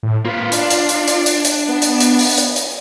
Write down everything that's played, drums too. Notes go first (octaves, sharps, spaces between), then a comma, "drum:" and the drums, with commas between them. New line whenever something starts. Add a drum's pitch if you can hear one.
A2
A#3 F4 B4
D4, drum: hi-hat
drum: hi-hat
drum: hi-hat
drum: hi-hat
drum: hi-hat
drum: hi-hat
B3
drum: hi-hat
drum: hi-hat
drum: open hi-hat
drum: hi-hat
drum: hi-hat